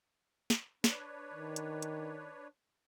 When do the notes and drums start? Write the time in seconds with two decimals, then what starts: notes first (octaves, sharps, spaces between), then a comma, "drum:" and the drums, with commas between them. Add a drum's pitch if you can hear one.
0.50 drum: snare
0.84 D4 B4 C#5, drum: snare
1.33 D#3
1.56 drum: hi-hat
1.82 drum: hi-hat